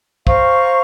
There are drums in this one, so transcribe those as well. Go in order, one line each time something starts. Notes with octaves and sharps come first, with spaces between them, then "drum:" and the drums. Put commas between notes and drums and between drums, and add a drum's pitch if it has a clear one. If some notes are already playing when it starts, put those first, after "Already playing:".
C5 F5 A#5 C#6, drum: kick